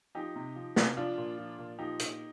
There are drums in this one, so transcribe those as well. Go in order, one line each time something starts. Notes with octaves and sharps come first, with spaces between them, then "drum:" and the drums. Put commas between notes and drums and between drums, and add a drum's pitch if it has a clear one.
F3 D#4 G4
C3
F3
C3, drum: snare
F3 D4 F4
A#2
F3
A#2
F3 D#4 G4
A#2, drum: hi-hat